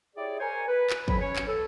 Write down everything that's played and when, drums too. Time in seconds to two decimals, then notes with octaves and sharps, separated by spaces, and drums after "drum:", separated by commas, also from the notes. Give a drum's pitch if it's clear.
0.16 E4 G4 G#4 C#5 D5
0.40 A#4 C5 C#5 G#5
0.68 B4
0.90 drum: clap
1.08 F2 A2 F#3 B5, drum: kick
1.21 C#4 C#5
1.36 drum: clap
1.48 A4